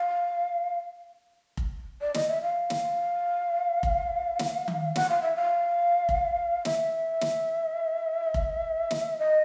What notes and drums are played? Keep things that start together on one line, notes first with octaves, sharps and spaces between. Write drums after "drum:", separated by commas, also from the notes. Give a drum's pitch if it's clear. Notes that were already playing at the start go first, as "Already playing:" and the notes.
Already playing: F5
drum: kick F1
D5
D#5, drum: snare
E5
F5
drum: snare
drum: kick F1
drum: snare
drum: tom D#3
F#5, drum: snare
F5
E5
F5
drum: kick F1
E5, drum: snare
drum: snare
drum: kick F1
drum: snare
D#5